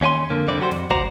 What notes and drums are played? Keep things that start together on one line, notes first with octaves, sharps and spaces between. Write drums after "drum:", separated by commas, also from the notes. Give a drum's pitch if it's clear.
D#2 C#4 F4 G#5 C6
F2 D3 A#3
C2 F2 D3 C4 E4 D5
F#3 G3 F#4 A4 C5
F2, drum: snare
C#2 F#4 C5 D5 A#5, drum: kick